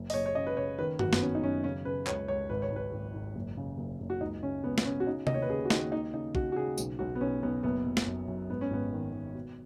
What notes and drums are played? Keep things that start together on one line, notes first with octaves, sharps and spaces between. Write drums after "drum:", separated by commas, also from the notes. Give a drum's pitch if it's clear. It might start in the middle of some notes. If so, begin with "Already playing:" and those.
Already playing: F#1
D#5, drum: open hi-hat
F#1 C#5
C#5
C#3 D#5
B4
C#3 C#5
D#3 B4
F#1 F#4, drum: tom G2
B3, drum: snare
D#3 C#4
D#4
F#2 C#4
C#3 C#4
C#3 B4
C#2 C#5, drum: clap
C#2 C#5
G#1 B4
C#5
G#1 B4
G#1
G#1
F#1
C#3
F#1
F#1
F#4
C#2 D#4
C#3 C#4
C#2 B3
B3, drum: snare
C#3 C#4
F#4
C#3 D#4
D#2 D#5, drum: tom C3
C#5
B4
C#3 G#4
F#4
D#2 D#4, drum: snare
D#2 D#4
C#3 D#4
C#3 F#4, drum: kick A#1
F#4
C#3 G#4
B1, drum: tambourine
B1 F#4
B3
B1 C#4
B1 B3
F#1 B3
F#1
drum: snare
F#2
F#2
G#2 B3
C#4
G#1 B3
D#3
D#3
B2